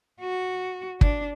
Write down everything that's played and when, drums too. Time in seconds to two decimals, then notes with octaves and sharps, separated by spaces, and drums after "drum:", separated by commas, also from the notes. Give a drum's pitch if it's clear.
0.20 F#4
1.01 D4, drum: kick